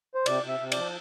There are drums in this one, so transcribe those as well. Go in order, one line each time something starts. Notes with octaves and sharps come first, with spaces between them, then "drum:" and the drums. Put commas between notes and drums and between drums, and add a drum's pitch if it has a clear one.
C5
C3 D5, drum: cymbal
C3 E5
C3
D5, drum: cymbal
F3